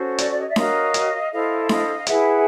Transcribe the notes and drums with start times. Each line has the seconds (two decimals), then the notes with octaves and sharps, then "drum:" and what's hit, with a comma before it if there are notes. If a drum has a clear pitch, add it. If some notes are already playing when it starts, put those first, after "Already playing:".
Already playing: C#4 F#4 A4 C5
0.18 D5, drum: hi-hat
0.29 D5
0.38 C#5 D#5
0.48 D5 E5
0.56 F#4 A#4 C#5 D#5 F5, drum: snare D4
0.94 drum: hi-hat
1.31 E4 A4 C5 D#5 F5
1.69 D#5 F5, drum: snare D4
1.98 F5
2.07 E4 G#4 B4 E5 F#5, drum: hi-hat